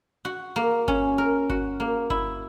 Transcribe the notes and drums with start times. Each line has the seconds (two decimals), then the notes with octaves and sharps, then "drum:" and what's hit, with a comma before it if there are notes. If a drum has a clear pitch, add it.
0.25 F#4
0.56 A#3
0.88 C#4, drum: kick G1
1.18 A#4
1.50 F#4, drum: kick G1
1.80 A#3
2.10 E4, drum: kick G1